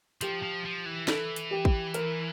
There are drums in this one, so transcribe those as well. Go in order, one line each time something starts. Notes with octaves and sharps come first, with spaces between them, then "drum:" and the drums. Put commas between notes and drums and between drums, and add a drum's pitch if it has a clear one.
F3 G4, drum: hi-hat
F3
F3
E3
E3 A4, drum: snare
drum: hi-hat
G4
drum: kick
A#4, drum: hi-hat